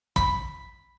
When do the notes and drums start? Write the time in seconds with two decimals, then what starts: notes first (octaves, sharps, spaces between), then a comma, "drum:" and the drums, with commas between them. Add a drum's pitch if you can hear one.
0.16 B5, drum: kick